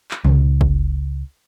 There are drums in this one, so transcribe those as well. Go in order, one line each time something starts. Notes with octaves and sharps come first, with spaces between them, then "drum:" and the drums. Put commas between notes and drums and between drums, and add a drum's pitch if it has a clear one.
drum: clap
C#2, drum: tom
drum: kick